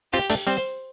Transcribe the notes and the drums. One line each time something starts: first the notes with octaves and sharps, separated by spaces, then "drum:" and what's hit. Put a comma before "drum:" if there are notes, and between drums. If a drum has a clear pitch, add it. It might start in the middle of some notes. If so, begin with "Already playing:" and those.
C4 F4 G4
A3 D4, drum: open hi-hat
G3 C4 C5